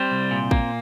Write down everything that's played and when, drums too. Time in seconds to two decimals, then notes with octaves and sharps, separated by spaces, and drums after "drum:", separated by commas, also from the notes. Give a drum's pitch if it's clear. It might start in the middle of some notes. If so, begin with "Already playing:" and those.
Already playing: G3 C4 C5
0.11 C2
0.31 A#2
0.51 A#3, drum: kick